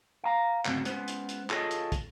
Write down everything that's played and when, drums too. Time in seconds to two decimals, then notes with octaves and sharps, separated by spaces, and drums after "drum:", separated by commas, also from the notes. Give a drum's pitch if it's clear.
0.24 F5 A#5
0.65 D2 G#2 C#3 F#3 A#3 C4, drum: clap
0.85 G#3 B3 C#4 C5, drum: hi-hat
1.08 drum: hi-hat
1.29 drum: hi-hat
1.50 F4 G#4 A4 C#5 D#5, drum: clap
1.71 drum: hi-hat
1.92 drum: kick, hi-hat